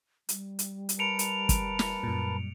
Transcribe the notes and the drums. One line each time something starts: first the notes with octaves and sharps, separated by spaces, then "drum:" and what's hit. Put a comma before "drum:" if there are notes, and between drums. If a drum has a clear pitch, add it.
G3, drum: hi-hat
drum: hi-hat
drum: hi-hat
A#4 B4 A5 C#7 D7 F7
drum: hi-hat
drum: kick, hi-hat
drum: snare
F#2 A#2